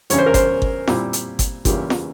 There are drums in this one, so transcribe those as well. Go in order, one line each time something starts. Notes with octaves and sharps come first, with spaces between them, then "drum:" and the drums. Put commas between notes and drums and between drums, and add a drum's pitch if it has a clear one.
E2 C#3 G3 C#4 C#5, drum: hi-hat
C5
A#4
C5, drum: kick G1, hi-hat
drum: kick G1
A#2 G3 C4 E4, drum: snare
drum: hi-hat
drum: kick G1, hi-hat
E2 C#3 E3 A#3 F4 G4, drum: kick G1, hi-hat
drum: snare